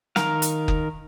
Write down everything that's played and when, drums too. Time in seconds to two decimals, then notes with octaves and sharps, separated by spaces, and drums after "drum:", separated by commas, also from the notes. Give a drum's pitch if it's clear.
0.16 D#3 A#4 F5, drum: snare
0.42 drum: hi-hat
0.68 drum: kick F#1